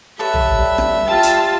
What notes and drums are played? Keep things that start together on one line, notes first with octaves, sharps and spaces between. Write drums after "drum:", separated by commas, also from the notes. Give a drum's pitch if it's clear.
G4 A4 B4 C#5 E5
drum: tom
G3
drum: rim click
F4 G4 G5 A5
drum: hi-hat